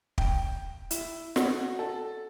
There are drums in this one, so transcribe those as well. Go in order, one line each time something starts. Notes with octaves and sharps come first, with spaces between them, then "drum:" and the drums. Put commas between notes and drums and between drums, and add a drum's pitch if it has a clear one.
G5, drum: kick
E4, drum: hi-hat
F#4, drum: snare
A4